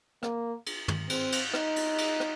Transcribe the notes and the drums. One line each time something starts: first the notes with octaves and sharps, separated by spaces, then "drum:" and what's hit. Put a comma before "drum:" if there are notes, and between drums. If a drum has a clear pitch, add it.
A#3, drum: rim click
drum: cymbal
drum: tom
C4, drum: cymbal
drum: cymbal
D#4, drum: rim click
drum: cymbal
drum: cymbal
drum: rim click